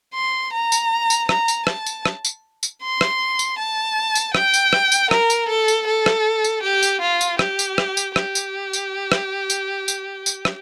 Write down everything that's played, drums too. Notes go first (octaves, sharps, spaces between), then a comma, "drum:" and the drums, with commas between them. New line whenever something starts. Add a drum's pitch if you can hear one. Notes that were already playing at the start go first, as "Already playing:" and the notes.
C6
A#5
drum: tambourine
drum: tambourine
A#5, drum: rim click
drum: tambourine
A5, drum: rim click
drum: tambourine
drum: rim click
drum: tambourine
drum: tambourine
C6
drum: rim click
drum: tambourine
A5
drum: tambourine
G5, drum: rim click
drum: tambourine
drum: rim click
drum: tambourine
A#4, drum: rim click
drum: tambourine
A4
drum: tambourine
A4
drum: rim click
drum: tambourine
G4
drum: tambourine
F4
drum: tambourine
G4, drum: rim click
drum: tambourine
drum: rim click
drum: tambourine
G4, drum: rim click
drum: tambourine
drum: tambourine
drum: rim click
drum: tambourine
drum: tambourine
drum: tambourine
drum: rim click